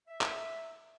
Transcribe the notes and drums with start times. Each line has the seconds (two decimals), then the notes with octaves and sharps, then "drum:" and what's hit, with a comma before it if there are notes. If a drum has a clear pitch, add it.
0.08 E5
0.21 drum: clap